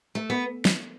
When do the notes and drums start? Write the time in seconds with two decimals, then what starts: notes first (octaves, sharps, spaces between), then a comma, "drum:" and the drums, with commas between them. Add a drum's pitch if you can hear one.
0.15 A3
0.30 B3
0.65 drum: snare